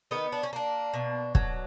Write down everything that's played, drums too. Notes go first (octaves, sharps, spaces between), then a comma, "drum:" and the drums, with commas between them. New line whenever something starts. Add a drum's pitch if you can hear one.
D#3 B3 D#4
D4
C#4
A#3 D4
B2
F#3, drum: kick